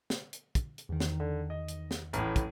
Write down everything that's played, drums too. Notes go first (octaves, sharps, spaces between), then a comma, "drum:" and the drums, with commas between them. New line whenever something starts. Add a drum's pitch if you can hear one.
drum: snare
drum: hi-hat
drum: kick, hi-hat
drum: hi-hat
E2 D#3
drum: snare
D3
D#5
drum: hi-hat
drum: snare
A1 A2, drum: hi-hat
drum: kick, hi-hat